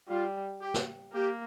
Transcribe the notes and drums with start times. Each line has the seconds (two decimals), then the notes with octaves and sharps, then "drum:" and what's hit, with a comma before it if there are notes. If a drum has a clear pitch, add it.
0.09 G3 F4
0.61 G4
0.74 drum: snare
1.13 A#3 G4